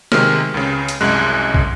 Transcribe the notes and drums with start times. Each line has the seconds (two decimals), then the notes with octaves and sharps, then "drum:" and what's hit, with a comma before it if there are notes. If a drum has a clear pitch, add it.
0.12 C3 D#3 G#3 F6, drum: snare
0.54 C#2 C#3
0.89 drum: hi-hat
1.01 C2 F#2 G#3 F#6
1.54 drum: kick